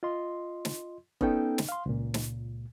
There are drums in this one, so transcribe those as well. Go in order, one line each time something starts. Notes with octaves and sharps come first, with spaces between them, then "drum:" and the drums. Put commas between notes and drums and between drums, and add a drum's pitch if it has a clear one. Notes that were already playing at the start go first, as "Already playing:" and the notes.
F4 D#5 C6
drum: snare
B3 C#4 D#4 A4 G5, drum: kick F1
drum: snare
F5 C6
C#2 A#2
drum: snare